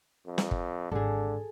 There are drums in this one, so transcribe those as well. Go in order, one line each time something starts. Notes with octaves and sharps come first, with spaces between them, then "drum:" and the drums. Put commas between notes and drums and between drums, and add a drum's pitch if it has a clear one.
F2
drum: snare
drum: kick
G#1 D3 G#4 A4